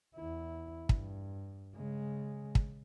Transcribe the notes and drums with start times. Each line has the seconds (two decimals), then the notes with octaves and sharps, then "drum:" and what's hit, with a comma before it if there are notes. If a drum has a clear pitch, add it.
0.15 E2 E4
0.89 G2, drum: kick
1.76 C#3 G#3
2.55 drum: kick